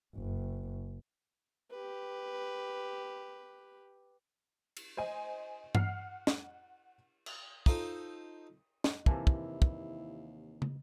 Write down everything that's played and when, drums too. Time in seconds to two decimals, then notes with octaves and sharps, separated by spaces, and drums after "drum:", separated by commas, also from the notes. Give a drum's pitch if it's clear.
0.15 F#1
1.71 G4 B4
4.77 drum: cymbal
4.97 C5 D#5 G#5
5.75 F#5 F6 C7, drum: tom G2
6.27 drum: snare
7.26 drum: cymbal
7.66 D#4 F4 A4 C5, drum: kick
8.84 drum: snare
9.06 D#2 C3 E3 A#3 E4 B4 G#5 A5, drum: kick
9.27 drum: kick
9.62 drum: kick
10.62 drum: tom